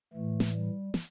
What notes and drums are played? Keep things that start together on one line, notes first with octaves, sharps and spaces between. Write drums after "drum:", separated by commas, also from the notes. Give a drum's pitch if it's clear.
A2 E3 A3
drum: snare
G3
drum: snare